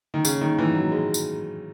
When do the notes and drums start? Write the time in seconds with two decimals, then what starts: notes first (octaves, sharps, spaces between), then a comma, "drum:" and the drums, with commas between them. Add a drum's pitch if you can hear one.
0.14 D#3
0.25 C#3, drum: tambourine
0.41 D#3
0.58 E3
0.75 F#3
0.91 G#3
1.14 drum: tambourine